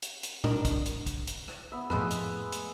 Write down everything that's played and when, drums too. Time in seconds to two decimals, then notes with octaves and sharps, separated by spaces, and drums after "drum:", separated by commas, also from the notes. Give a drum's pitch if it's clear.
0.02 drum: hi-hat
0.23 drum: hi-hat
0.44 D4 A#4 D#5, drum: tom A2
0.65 drum: kick, hi-hat
0.86 drum: hi-hat
1.06 drum: kick, hi-hat
1.27 drum: hi-hat
1.48 drum: rim click
1.72 B3 E5
1.90 F2 A2 G#3 B4, drum: rim click
2.11 drum: hi-hat
2.52 drum: hi-hat